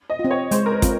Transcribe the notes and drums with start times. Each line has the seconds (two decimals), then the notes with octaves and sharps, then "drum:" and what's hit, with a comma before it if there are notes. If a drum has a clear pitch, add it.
0.10 D#5
0.19 F4
0.24 C4
0.31 C#5
0.51 G#3 C5, drum: hi-hat
0.66 A#4
0.72 B4
0.82 C4 F4, drum: kick, hi-hat